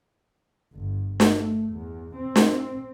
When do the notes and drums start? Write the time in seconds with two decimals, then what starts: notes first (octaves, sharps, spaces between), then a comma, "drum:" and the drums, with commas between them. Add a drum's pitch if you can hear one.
0.73 G1
1.20 drum: snare
1.36 A3
1.73 E2
2.16 C4
2.36 drum: snare